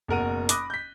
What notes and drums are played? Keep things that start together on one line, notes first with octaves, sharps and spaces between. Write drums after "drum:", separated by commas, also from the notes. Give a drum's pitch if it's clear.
F#1 B2 A#4 F#5 D#7
B5 D6 D#6 F#6 A#6, drum: hi-hat
G6 B6